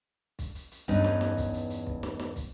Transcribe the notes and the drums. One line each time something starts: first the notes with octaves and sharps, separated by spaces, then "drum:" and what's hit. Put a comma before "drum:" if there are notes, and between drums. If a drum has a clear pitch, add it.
drum: kick, hi-hat
drum: hi-hat
drum: hi-hat
E2 G2 B3 C#4 D#4, drum: kick, hi-hat
drum: snare
drum: snare
drum: kick, hi-hat
drum: hi-hat
drum: hi-hat
drum: kick
drum: snare
drum: snare
drum: kick, hi-hat